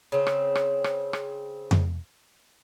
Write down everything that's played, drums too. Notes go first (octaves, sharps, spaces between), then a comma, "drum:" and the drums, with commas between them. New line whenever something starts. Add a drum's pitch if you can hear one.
C#3 C4
drum: rim click
drum: rim click
drum: rim click
drum: rim click
drum: tom F2